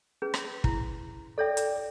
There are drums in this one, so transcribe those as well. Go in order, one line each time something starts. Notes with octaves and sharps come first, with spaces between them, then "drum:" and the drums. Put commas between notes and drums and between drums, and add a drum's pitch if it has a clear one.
C#4 G#4 B4
drum: rim click
E4, drum: kick
A4 C#5 D5 E5 G5
drum: hi-hat